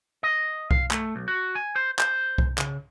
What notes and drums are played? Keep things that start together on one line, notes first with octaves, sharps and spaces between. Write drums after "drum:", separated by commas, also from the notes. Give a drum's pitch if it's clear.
D#5
F5, drum: kick C2
A3, drum: clap
B1
F#4
G#5
C5
C5, drum: clap
drum: kick C2
C#3, drum: clap